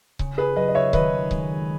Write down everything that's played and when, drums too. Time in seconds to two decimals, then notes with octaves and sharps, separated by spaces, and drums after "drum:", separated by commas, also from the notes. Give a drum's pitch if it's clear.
0.19 C#3, drum: kick C#1
0.38 G#4 B4
0.56 F#3 B4 D#5
0.69 D#5
0.75 C#5 E5
0.93 D#3 B4 D#5, drum: kick C#1
1.31 G#3, drum: kick C#1